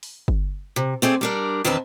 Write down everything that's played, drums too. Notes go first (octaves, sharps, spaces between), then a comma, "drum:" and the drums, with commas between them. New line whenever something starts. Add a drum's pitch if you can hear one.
drum: open hi-hat
drum: kick G1
C3
A3 C4 G#4 D5
G3 D4 A#4
E2 D#3 C4 D4 B4 A5